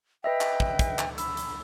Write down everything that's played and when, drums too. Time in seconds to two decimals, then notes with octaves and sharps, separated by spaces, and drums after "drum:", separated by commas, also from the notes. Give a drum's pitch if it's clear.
0.24 B4 D#5 E5 G5
0.41 drum: clap
0.60 drum: kick
0.79 drum: kick, hi-hat
0.99 drum: clap
1.18 B5 E6, drum: hi-hat
1.37 drum: hi-hat